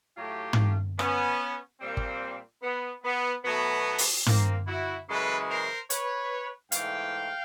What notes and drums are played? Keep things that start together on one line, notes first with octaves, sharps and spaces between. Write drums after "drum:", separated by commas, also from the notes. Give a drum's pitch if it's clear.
A2 F#3 A3 F4 G4
drum: tom
B3 C#4, drum: rim click
A#2 G3 A#3 C4
drum: kick
B3
B3
B2 F#3 A3 B3
drum: open hi-hat
A#3 C4, drum: tom
E4 F#4
F#2 C#3 E3 G#3 A4 B4
A#4 C5
B4 C#5, drum: hi-hat
G#2 E3 A3 F5 G5, drum: hi-hat